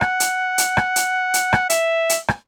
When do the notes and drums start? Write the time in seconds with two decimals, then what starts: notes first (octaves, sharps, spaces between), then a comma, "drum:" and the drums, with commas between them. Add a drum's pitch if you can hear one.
0.01 F#5, drum: rim click
0.20 drum: hi-hat
0.58 drum: hi-hat
0.77 drum: rim click
0.96 drum: hi-hat
1.34 drum: hi-hat
1.53 drum: rim click
1.70 E5, drum: hi-hat
2.09 drum: hi-hat
2.28 drum: rim click